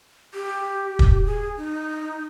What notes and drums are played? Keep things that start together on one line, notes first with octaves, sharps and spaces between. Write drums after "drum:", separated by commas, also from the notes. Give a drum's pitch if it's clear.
G4
drum: kick
G#4
D#4